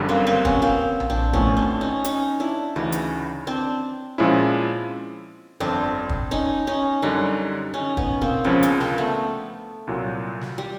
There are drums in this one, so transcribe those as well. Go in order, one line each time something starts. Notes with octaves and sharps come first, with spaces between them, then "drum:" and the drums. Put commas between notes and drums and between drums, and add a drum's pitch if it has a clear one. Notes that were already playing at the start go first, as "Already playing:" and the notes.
Already playing: G1 F#2 D3 G3
A#3 C4
A#3 C4
B3 C#4, drum: kick
A#3 C4
drum: tom A#1
C4 D4
A2 F3 A3 B3 C#4, drum: kick
C4 D4
C#4 D#4
C#4 D#4, drum: hi-hat
D4 E4
D2 C#3 E3 C#4 D#4
drum: hi-hat
C4 D4
A#2 F3 G#3 C#4 E4
G1 F2 D3 C4 D4
drum: kick
C#4 D#4
C#4 D#4
F#2 D3 G3 C#4 D#4
C#4 D#4
B3 C#4, drum: kick
A#3 C4, drum: tom B2
C#2 C#3 F3 B3 C#4
C4 D4, drum: hi-hat
A#3 C4, drum: snare
A3 B3
C2 A#2 F#3
drum: snare
G3